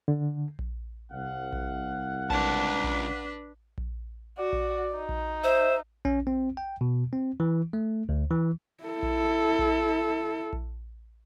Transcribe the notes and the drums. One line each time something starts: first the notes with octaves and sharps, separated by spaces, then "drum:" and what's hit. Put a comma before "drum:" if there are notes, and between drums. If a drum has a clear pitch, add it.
D3
drum: kick A#1
C2 F5 F#5
drum: kick A#1
C#2 D4 B4 A5, drum: kick A#1
drum: kick A#1
drum: kick A#1
F#4 D5
drum: kick A#1
D#4
drum: kick A#1
C5 E5
C#4, drum: kick A#1
C4
G5
B2
C4
E3
A3
D2
E3
E4 A4
drum: kick A#1
drum: kick A#1
drum: kick A#1